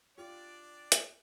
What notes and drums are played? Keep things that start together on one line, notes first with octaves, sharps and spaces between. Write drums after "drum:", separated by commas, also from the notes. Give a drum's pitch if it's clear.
D4 F4 G4 D5
drum: hi-hat